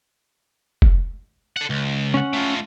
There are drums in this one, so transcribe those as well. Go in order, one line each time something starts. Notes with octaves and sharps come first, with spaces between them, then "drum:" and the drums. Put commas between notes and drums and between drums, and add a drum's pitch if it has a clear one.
drum: kick F1
A4 F#5
C#2
C#4 F#5
A3 F4